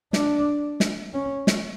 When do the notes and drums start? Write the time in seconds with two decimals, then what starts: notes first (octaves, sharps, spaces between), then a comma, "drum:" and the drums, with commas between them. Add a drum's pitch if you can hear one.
0.13 D4, drum: snare
0.80 drum: snare
1.14 C#4
1.47 drum: snare